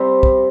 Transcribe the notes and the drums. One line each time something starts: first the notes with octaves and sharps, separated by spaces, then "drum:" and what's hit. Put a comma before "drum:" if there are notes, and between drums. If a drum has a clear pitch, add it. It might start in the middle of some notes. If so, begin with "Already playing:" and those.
Already playing: C3 G3 C4
drum: kick